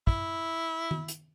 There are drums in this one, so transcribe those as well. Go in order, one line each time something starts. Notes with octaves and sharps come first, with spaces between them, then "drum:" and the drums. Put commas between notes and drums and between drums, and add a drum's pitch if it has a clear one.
E4, drum: kick
drum: tom D#3
drum: hi-hat